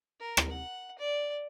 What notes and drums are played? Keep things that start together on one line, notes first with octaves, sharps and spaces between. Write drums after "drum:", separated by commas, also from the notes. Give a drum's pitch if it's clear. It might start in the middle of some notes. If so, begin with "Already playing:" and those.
A#4
drum: rim click
F#5
D5